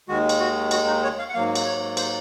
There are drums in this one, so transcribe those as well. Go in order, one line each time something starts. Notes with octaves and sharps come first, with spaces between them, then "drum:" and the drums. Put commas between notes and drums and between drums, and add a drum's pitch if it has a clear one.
D#2 D#3 G#3 F#4
drum: cymbal
F#4
F#4, drum: cymbal
D#4
C#5
F5
F#5
G#2 F#3 A#3 F5
drum: cymbal
C#5
C5, drum: cymbal